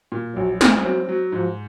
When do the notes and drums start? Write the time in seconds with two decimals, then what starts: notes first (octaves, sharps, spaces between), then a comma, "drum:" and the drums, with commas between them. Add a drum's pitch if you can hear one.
0.12 A#2
0.36 A#1 F#3
0.61 C4, drum: snare
0.84 F#3 C4
1.09 F#3
1.32 G#2 F3